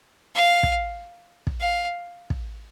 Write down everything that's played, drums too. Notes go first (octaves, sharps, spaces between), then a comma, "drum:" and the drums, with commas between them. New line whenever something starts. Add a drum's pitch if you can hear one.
F5
drum: kick
drum: kick
F5
drum: kick